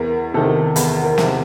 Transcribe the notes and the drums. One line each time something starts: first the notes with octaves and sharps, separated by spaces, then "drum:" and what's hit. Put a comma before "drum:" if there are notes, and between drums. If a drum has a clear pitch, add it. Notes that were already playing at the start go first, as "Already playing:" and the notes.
Already playing: E2 A#4
C3 D#3 A4
E2 B4, drum: hi-hat
A#4
C3 D#3, drum: snare